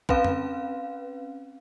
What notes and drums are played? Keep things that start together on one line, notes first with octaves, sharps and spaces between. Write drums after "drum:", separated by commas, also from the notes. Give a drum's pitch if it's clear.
C4 C#4 B4 F5, drum: kick
drum: tom F2